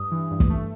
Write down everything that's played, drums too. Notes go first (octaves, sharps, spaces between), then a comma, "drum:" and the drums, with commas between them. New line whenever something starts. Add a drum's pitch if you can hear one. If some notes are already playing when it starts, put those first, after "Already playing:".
Already playing: G2 D#6
E3
G2
drum: kick
A3